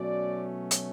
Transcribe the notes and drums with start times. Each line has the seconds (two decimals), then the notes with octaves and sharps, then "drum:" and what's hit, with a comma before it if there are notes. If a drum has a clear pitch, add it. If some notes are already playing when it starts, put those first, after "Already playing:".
Already playing: B2 F#3 A3 C#4 D5
0.71 drum: hi-hat